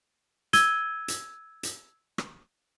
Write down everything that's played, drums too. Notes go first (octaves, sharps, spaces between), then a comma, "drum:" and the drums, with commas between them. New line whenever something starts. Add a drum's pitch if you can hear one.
E6 G#6 D#7 G7, drum: hi-hat
drum: hi-hat
drum: hi-hat
drum: rim click